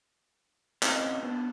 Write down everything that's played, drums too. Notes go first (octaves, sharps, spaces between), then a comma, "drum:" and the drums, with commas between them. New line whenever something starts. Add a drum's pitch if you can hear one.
C4 C#4 F#4 B4 D#5, drum: clap
B3 D4